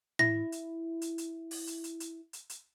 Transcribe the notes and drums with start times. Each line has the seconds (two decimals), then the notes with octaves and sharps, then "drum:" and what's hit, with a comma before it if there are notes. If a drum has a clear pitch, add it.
0.19 E4 A#6, drum: tom A2
0.52 drum: hi-hat
1.02 drum: hi-hat
1.18 drum: hi-hat
1.51 drum: open hi-hat
1.67 drum: hi-hat
1.84 drum: hi-hat
2.00 drum: hi-hat
2.33 drum: hi-hat
2.50 drum: hi-hat